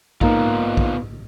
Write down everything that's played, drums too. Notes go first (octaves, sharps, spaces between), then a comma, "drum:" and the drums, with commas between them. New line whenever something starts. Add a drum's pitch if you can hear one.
G#2 A#3 B3 F4, drum: kick A#1
drum: kick A#1